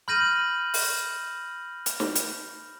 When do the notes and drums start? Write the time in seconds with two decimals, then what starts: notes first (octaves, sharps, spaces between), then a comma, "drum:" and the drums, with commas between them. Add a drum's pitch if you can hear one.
0.08 B5 F6 G6 A#6 D#7 F#7
0.74 drum: open hi-hat
1.86 drum: hi-hat
2.00 drum: snare
2.16 drum: hi-hat